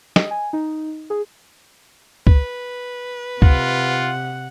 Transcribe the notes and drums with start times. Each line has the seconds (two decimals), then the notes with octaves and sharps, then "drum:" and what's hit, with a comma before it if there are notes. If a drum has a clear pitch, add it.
0.16 D#5, drum: snare
0.31 G#5
0.53 D#4
1.10 G#4
2.27 B4, drum: kick
3.42 C3 F4 F#5, drum: kick